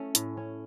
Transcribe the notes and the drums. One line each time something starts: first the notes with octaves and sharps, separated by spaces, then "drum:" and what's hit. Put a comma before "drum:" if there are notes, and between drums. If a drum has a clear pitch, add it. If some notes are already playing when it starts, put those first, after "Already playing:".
Already playing: A3 C#4 E4
A2, drum: hi-hat
C#4